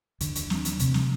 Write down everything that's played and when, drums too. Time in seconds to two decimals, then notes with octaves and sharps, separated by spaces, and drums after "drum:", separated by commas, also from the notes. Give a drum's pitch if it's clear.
0.20 D#2 D3, drum: hi-hat
0.35 drum: hi-hat
0.50 drum: snare
0.65 drum: hi-hat
0.79 D2 C3, drum: hi-hat
0.94 drum: snare